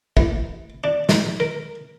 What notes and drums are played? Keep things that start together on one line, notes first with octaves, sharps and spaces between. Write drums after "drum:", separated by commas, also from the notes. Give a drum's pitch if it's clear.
A1, drum: kick
D4
G#3, drum: snare
A#4